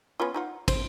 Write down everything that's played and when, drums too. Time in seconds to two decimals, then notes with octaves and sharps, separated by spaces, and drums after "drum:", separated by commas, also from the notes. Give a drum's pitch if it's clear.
0.20 B3 C#4 F4
0.34 D#4 F4 F#5
0.68 C5, drum: kick, cymbal